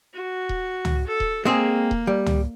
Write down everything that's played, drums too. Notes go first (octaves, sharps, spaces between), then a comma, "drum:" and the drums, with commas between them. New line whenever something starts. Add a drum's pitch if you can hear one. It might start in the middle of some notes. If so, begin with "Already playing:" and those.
F#4
drum: kick D#1
drum: tom
A4
drum: kick D#1
G#3 A#3 C4 G#4
drum: kick D#1
G3
drum: tom